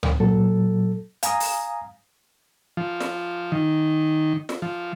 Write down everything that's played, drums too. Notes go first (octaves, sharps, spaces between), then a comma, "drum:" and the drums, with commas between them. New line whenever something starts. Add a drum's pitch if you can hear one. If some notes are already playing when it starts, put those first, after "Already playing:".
drum: tom C#2
A#2 F#3 A4
F5 G#5 A#5 D#6, drum: hi-hat
drum: open hi-hat
F3
drum: snare
D#3
drum: snare
F3